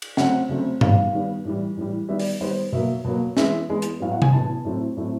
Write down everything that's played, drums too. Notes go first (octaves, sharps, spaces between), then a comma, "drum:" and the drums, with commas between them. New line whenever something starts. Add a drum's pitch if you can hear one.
drum: cymbal
C#3 F#3 A3 C4 F#5, drum: snare
C#3 F#3 A3 C4
D#3 G3 B3 F5, drum: tom G2
D#3 G3 B3
A2 E3 G3
A2 E3 G3
D#3 G3 B3 E5
D5, drum: open hi-hat
D#3 G3 B3 C5
B2 F#3 A#3 E5
B2 F#3 A#3
E3 G#3 B3 E5, drum: snare
E3 G#3 B3
drum: hi-hat
A2 F#3 B3 F5
F#5
G#5, drum: tom C3
A2 F#3 B3 A5
A2 F#3 A3 C4
A2 F#3 A3 C4